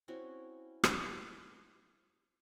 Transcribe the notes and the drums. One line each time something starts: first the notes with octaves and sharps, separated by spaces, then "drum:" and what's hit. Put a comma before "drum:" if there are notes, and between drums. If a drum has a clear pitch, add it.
C4 C#4 E4 F#4
drum: rim click